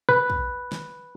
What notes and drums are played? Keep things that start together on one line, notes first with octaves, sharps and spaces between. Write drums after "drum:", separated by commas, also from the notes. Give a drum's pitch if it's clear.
B4
drum: kick
drum: snare